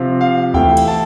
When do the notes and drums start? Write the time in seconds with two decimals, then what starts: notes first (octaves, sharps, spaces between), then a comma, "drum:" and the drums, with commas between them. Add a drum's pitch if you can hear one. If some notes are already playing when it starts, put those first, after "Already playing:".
Already playing: C3 F3 C4 F4
0.21 F5
0.54 E3 A3 E4 G5, drum: kick D2
0.77 drum: cymbal
0.88 A5